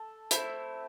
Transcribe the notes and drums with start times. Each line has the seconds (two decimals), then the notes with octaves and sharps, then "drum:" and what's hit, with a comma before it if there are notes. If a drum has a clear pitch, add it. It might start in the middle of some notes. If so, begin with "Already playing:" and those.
Already playing: A4
0.31 A3 C4 E4, drum: hi-hat